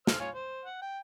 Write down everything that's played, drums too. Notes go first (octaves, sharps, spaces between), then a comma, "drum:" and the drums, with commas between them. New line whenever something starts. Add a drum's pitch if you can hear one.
C5 E6 F6, drum: snare
F4 C#5 G#5
C5
F#5
G5